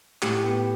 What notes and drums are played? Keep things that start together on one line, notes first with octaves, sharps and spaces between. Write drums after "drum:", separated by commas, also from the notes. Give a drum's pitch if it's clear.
A2 G4, drum: clap
B3